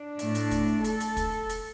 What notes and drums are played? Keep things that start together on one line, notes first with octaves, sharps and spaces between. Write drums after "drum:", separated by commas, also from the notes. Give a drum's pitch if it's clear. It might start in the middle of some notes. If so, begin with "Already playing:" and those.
Already playing: D4
A2 A3, drum: hi-hat
drum: hi-hat
drum: kick, hi-hat
A4, drum: hi-hat
drum: hi-hat
drum: kick, hi-hat
drum: hi-hat